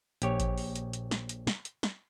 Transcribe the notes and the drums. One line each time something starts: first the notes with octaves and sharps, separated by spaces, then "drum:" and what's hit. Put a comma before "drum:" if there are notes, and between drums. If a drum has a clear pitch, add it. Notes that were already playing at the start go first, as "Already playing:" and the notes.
A#1 G4 C#5, drum: hi-hat
drum: kick A1, hi-hat
drum: open hi-hat
drum: hi-hat
drum: hi-hat
drum: snare
drum: hi-hat
drum: snare
drum: hi-hat
drum: snare